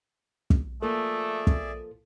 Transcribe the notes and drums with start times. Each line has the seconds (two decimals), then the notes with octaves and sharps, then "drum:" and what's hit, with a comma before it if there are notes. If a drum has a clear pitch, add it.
0.50 drum: kick
0.82 F3 A3 A#3 F4 G#4 A4 D5 E5
1.47 drum: kick